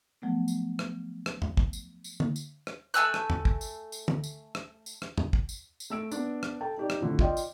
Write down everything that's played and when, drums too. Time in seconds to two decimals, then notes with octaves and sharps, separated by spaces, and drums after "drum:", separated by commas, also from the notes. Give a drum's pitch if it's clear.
0.22 F3 F#3 A3 B3
0.48 drum: tambourine
0.79 drum: rim click
1.26 drum: rim click
1.42 drum: tom E2
1.57 drum: kick
1.73 drum: tambourine
2.04 drum: tambourine
2.20 drum: tom D3
2.36 drum: tambourine
2.67 drum: rim click
2.94 A3 G#5 E6 F#6
3.14 drum: rim click
3.30 drum: tom E2
3.45 drum: kick
3.61 drum: tambourine
3.92 drum: tambourine
4.08 drum: tom
4.24 drum: tambourine
4.55 drum: rim click
4.86 drum: tambourine
5.02 drum: rim click
5.18 drum: tom E2
5.33 drum: kick
5.49 drum: tambourine
5.80 drum: tambourine
5.90 A3 E6 D7
6.11 B3 D4, drum: tambourine
6.43 drum: rim click
6.61 A4 G5 A5
6.78 D#4 G4 D5
6.90 drum: rim click
7.00 F2 A2 D3
7.19 F4 D5 D#5 G5, drum: kick
7.37 drum: tambourine